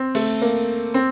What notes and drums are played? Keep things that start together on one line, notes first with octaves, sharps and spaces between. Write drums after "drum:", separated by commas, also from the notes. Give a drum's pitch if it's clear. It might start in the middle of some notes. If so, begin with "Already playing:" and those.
Already playing: C4
A3, drum: cymbal
A#3
C4